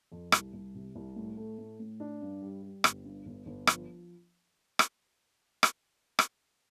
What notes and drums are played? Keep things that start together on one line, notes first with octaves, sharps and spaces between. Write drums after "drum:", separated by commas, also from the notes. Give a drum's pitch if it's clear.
F2
C2, drum: rim click
C2
C3
C2
A2
A3
A2
A2
D4
G2
G3
G3
G1, drum: rim click
G2
G1
G1
F3, drum: rim click
drum: rim click
drum: rim click
drum: rim click